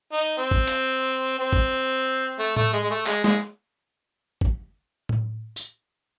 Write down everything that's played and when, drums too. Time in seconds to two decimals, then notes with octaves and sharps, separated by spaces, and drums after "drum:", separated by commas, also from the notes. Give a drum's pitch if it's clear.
0.12 D#4
0.37 C4
0.51 drum: kick
0.67 drum: hi-hat
1.39 C4
1.53 drum: kick
2.39 A3
2.56 A3, drum: tom A2
2.73 G#3
2.83 G#3
2.90 A3
3.07 G#3, drum: clap
3.24 G#3, drum: snare
4.41 drum: kick
5.09 drum: tom A2
5.56 drum: tambourine